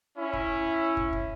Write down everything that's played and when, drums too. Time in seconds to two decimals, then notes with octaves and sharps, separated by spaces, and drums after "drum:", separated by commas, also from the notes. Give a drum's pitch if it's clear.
0.17 C#4 E4
0.33 drum: kick
0.97 drum: kick
1.13 drum: kick